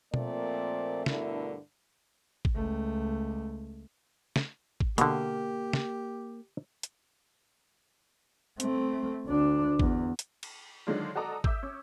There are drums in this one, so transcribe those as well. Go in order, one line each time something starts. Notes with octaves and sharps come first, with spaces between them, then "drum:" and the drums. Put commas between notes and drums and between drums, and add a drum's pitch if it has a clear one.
A#2 F3 A3 A#3 C4 D5, drum: tom B2
G2 B2 D3 A3 E4 A#4, drum: snare
drum: kick
C#2 A3
drum: snare
drum: kick
B2 D3 A#3 G4, drum: hi-hat
drum: snare
drum: hi-hat
A3 C4, drum: hi-hat
D2 D4
E2, drum: kick
drum: hi-hat
drum: cymbal
D3 D#3 F#3 G#3 D4 F4
F#4 A4 D5 D#5 A#5 D#6
E5 D6 E6 G6, drum: kick
C#4